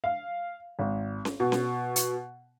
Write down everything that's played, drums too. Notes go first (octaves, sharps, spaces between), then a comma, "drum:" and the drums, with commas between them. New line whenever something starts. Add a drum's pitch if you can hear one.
F5
G#1
drum: snare C#4
B2
drum: snare C#4
drum: hi-hat